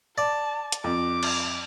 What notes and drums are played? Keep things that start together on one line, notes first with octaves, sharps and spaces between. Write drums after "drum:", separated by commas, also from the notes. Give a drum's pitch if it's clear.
D5 A5
drum: hi-hat
F2 D6
drum: cymbal